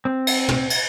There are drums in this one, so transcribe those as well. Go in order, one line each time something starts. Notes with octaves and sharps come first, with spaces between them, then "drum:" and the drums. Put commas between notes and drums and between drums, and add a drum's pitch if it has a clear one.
C4
drum: cymbal
drum: tom
drum: cymbal